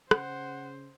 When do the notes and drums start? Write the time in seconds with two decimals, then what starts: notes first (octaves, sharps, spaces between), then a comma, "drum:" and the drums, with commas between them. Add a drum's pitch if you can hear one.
0.11 C#3 C5 F#5, drum: rim click